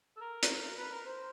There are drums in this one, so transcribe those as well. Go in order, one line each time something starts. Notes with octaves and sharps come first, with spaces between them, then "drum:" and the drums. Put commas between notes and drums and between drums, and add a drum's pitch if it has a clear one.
A4
A#4
drum: hi-hat
A#4
B4
A#4
C5